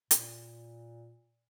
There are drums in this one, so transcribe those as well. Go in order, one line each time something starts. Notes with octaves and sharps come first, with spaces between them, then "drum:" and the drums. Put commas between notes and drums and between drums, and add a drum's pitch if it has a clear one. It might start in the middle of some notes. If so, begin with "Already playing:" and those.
A#2, drum: hi-hat